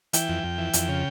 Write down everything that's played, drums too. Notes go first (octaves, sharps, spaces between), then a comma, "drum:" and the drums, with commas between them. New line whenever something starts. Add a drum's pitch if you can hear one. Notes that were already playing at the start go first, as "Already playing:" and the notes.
E3 G5, drum: hi-hat
F2
F2
E3
F2, drum: hi-hat
C#3